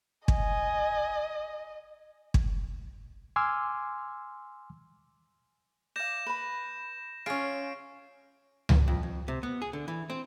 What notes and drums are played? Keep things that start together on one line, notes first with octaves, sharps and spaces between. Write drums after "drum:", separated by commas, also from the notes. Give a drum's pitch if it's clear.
D#5 G#5, drum: kick
drum: kick
G#5 C6 D6 E6 F6
D5 F5 G6 A#6 E7
B4 B5
C#4 F4 G#4 E5 C7 D7
drum: tom C#2
F2
F2
C3
B3
G#4
D3
E3
C4